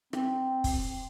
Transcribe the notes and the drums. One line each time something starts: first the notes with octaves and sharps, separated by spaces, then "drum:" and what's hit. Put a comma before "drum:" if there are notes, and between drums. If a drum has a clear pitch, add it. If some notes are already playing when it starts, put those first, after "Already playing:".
C4, drum: rim click
drum: kick, open hi-hat